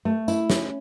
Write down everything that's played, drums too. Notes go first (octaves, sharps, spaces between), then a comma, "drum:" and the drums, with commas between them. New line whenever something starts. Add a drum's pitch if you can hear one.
A3
E4, drum: tambourine
C#4, drum: snare